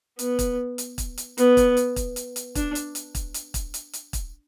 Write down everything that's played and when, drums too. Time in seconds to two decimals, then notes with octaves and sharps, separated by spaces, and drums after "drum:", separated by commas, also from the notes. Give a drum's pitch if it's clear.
0.19 B3, drum: hi-hat
0.39 drum: kick, hi-hat
0.78 drum: hi-hat
0.98 drum: kick, hi-hat
1.18 drum: hi-hat
1.38 B3, drum: hi-hat
1.57 drum: kick, hi-hat
1.77 drum: hi-hat
1.96 drum: kick, hi-hat
2.16 drum: hi-hat
2.36 drum: hi-hat
2.55 D4, drum: kick, hi-hat
2.75 drum: hi-hat
2.95 drum: hi-hat
3.15 drum: kick, hi-hat
3.34 drum: hi-hat
3.54 drum: kick, hi-hat
3.74 drum: hi-hat
3.93 drum: hi-hat
4.13 drum: kick, hi-hat